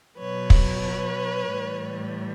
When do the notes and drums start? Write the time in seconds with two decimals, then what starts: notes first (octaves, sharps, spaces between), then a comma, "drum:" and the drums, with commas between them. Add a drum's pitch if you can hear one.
0.18 B2 F#3 B4 C#5
0.50 drum: kick
1.48 A2 E3 G3